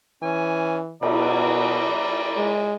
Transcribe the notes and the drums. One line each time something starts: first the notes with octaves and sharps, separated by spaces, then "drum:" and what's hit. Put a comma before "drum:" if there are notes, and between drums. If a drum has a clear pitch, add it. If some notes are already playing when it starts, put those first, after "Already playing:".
E3 C#4 G#5
B2 D5 A#5 B5, drum: cymbal
G#3